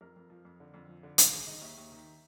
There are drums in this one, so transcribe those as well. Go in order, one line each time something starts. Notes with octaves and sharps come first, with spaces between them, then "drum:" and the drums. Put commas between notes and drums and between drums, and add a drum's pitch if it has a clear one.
F2 A#4
F2
F3
F2
D3
F2
F3
D3
D#3, drum: hi-hat
G#3
D#3 D#5
D#2 E5
D#2
D#3